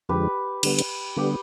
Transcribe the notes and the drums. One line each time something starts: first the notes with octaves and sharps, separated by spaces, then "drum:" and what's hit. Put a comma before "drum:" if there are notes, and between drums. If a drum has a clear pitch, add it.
F2 D3 F3 G#3 G4 B4
D3 G3 B3, drum: cymbal
drum: hi-hat
D3 G3 B3 G4 B4